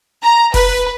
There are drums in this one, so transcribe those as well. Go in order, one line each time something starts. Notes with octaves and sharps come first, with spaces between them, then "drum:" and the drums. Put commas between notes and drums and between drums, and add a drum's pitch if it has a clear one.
A#5
B4, drum: kick, open hi-hat